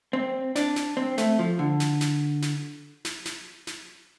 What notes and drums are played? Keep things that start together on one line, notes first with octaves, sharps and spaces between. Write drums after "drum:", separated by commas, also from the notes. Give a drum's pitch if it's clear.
C4
D4, drum: snare
drum: snare
C4
A3, drum: snare
F3
D3
drum: snare
drum: snare
drum: snare
drum: snare
drum: snare
drum: snare